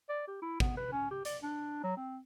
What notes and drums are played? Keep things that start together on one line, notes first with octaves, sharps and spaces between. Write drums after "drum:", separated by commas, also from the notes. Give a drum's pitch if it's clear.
D5
G4
E4
B3, drum: kick
B4
C#4
G4
D5, drum: hi-hat
D4
F#3
C4